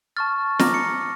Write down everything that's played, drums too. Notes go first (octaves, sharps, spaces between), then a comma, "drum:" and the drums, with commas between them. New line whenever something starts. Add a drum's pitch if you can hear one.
A5 C#6 F6 A6
A#5 D6 F6 A#6, drum: snare
C#7